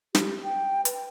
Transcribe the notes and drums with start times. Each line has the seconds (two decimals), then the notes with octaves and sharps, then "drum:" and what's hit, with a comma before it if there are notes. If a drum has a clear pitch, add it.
0.15 G4, drum: snare
0.43 G5
0.85 B4, drum: hi-hat